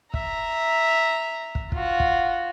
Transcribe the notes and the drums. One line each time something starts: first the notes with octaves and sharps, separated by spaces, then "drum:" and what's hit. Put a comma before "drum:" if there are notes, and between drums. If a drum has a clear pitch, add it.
E5 A#5, drum: kick
drum: kick
F4 F#4, drum: kick
drum: kick